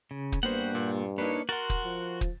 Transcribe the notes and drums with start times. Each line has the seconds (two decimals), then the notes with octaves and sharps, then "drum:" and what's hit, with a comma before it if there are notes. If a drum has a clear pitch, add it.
0.11 C#3
0.32 drum: kick
0.43 G2 A#3 B3 F#4 G4 C5 F#5
0.75 A#2
1.18 A#3 D4 D#4 B4 C#5
1.49 F#4 A#4 F#5 C6 A6
1.70 drum: kick
1.85 F3
2.21 drum: kick